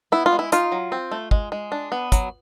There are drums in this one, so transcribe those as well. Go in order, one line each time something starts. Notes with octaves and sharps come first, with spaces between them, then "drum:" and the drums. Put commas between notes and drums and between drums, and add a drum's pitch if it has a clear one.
B3 E4
F4
G#3
E4
D#4 F4, drum: hi-hat
F#3
C4
A3
G#3, drum: kick
G#3
D4
B3
F#3, drum: kick, hi-hat